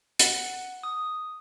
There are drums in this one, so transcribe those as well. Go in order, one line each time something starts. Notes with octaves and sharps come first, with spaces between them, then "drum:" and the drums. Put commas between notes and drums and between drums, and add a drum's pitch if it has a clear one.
F#5, drum: hi-hat
D#6